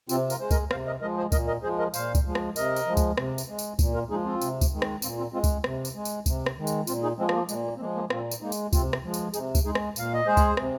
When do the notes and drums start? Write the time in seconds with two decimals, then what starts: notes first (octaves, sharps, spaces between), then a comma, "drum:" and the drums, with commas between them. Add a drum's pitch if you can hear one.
0.09 C3 C4 F4, drum: tambourine
0.30 F4 A#4, drum: tambourine
0.40 G#3 C5
0.51 A#4 D#5, drum: kick C#2, tambourine
0.71 C3 C5 F5, drum: rim click
0.87 A#4 D#5
1.01 F3 G#3 A#4 D#5
1.18 G#4 C5
1.32 A#2 A#4 D#5, drum: kick C#2, tambourine
1.47 A#4 D#5
1.63 F3 G#3 G#4 C5
1.79 A#4 D#5
1.94 A#2 C5 F5, drum: tambourine
2.15 drum: kick C#2, tambourine
2.25 F3 G#3
2.35 drum: rim click
2.56 C3 A#4 D#5, drum: tambourine
2.76 drum: tambourine
2.87 F3 G#3
2.97 drum: kick C#2, tambourine
3.17 C3, drum: rim click
3.38 drum: tambourine
3.48 G#3
3.59 drum: tambourine
3.79 A#2, drum: kick C#2, tambourine
3.94 F4 A#4
4.10 F3 G#3 D#4 G#4
4.25 C4 F4
4.41 C3, drum: tambourine
4.61 drum: kick C#2, tambourine
4.72 D#3 G#3
4.82 drum: rim click
5.02 A#2 C4 F4, drum: tambourine
5.17 C4 F4
5.33 G#3 C4 F4
5.44 drum: kick C#2, tambourine
5.64 C3, drum: rim click
5.85 drum: tambourine
5.95 G#3
6.05 drum: tambourine
6.26 C3, drum: kick C#2, tambourine
6.46 drum: rim click
6.57 D#3 G#3
6.67 drum: tambourine
6.87 A#2 C4 F4, drum: tambourine
7.03 D#4 G#4
7.18 F3 G#3 C4
7.29 G#3, drum: rim click
7.34 A#3
7.49 A#2 G#3, drum: tambourine
7.64 A#3
7.76 C4
7.80 F3 G#3 A#3
7.95 A#3 D#4
8.10 A#2 C4 F4, drum: rim click
8.31 drum: tambourine
8.41 G#3 A#3 D#4
8.52 drum: tambourine
8.73 C3 C4 F4, drum: kick C#2, tambourine
8.93 drum: rim click
9.04 F3 G#3
9.14 drum: tambourine
9.34 C3 D#4 G#4, drum: tambourine
9.55 drum: kick C#2, tambourine
9.65 G#3 D#4 G#4
9.75 drum: rim click
9.96 A#2 F5, drum: tambourine
10.14 D#5
10.26 G#3 G#4 C5
10.37 drum: kick C#2, tambourine
10.57 C3, drum: rim click